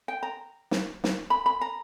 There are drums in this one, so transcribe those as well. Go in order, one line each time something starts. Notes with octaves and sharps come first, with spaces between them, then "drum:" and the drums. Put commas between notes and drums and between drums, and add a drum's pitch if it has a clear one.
G5
A#5
drum: snare
drum: snare
B5
B5
A#5